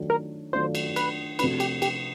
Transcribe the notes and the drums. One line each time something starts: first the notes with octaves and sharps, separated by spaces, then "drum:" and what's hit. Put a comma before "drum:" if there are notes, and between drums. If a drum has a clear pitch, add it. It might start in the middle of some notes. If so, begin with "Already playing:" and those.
Already playing: D#3 F#3 A3 D4 F4
A#4
D#3 F#3 A3 D4 F4 C5
drum: cymbal
B4, drum: cymbal
C3 F3 A3 D4 F#4 B4, drum: cymbal
G4, drum: cymbal
G4, drum: cymbal